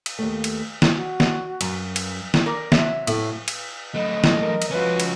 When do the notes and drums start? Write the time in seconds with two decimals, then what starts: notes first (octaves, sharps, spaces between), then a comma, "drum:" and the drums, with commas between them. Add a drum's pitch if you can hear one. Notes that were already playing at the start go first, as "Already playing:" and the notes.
0.06 drum: cymbal
0.19 D#2 A3
0.44 drum: cymbal
0.82 drum: snare
0.95 F#4
1.20 drum: snare
1.61 F#2, drum: cymbal
1.96 drum: cymbal
2.34 drum: snare
2.46 A#4 D5
2.72 C3 F#3 E5, drum: snare
3.07 A2, drum: cymbal
3.48 drum: cymbal
3.94 F#3 A3 D#5
4.24 drum: snare
4.35 E3 A#4
4.62 drum: cymbal
4.71 F3 C#4 F4 F#4 B4
5.00 drum: cymbal